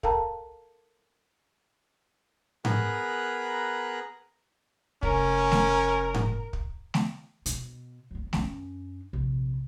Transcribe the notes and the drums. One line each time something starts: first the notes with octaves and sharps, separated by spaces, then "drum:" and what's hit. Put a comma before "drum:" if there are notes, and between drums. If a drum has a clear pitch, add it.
A4 A#4 F5 G5 A5 A#5, drum: kick
B3 G#4 A#4 A#5 B5 F#6, drum: tom G#2
F1 C#4 A#4, drum: kick
drum: snare A3
drum: tom G#2
drum: kick
drum: snare A3
B2, drum: hi-hat
F#3 B3
F#2 C#4, drum: snare A3
A#1 C3